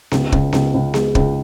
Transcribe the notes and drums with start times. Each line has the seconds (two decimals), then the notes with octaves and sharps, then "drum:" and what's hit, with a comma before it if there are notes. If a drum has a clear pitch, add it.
0.11 C#2, drum: snare B3
0.32 C#2, drum: kick
0.53 C#2, drum: snare B3
0.74 C#2
0.94 G#3, drum: snare B3
1.15 C#2, drum: kick